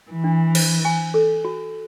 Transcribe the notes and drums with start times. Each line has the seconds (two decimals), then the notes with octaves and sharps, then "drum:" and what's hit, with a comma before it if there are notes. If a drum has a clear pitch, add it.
0.09 E3
0.24 D4
0.55 C5, drum: cymbal
0.85 G#5
1.14 A4
1.45 F#4